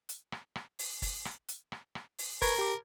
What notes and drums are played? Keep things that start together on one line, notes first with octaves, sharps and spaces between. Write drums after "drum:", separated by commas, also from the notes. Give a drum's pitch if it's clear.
drum: hi-hat
drum: rim click
drum: rim click
drum: open hi-hat
drum: kick, open hi-hat
drum: rim click
drum: hi-hat
drum: rim click
drum: rim click
drum: open hi-hat
A#4 B4 C#6 G#6, drum: kick, open hi-hat
G4 D6